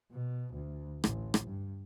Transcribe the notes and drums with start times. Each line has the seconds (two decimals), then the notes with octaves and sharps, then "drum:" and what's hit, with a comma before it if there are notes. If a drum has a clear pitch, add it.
0.12 B2
0.53 D2
1.04 A1, drum: rim click
1.34 drum: rim click
1.46 G2